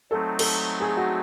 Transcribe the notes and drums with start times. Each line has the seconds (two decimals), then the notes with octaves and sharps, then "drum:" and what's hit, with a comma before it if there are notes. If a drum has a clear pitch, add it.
0.11 F#3 A3 C4 D#4 A4
0.39 A4, drum: cymbal
0.80 G#4
0.97 F#4